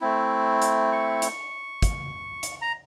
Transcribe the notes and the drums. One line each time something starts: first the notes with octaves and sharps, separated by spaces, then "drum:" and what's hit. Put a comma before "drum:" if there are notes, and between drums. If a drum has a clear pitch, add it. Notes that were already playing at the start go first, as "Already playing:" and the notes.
A3 C4 E4
drum: hi-hat
C#6
drum: hi-hat
drum: kick, hi-hat
drum: hi-hat
A#5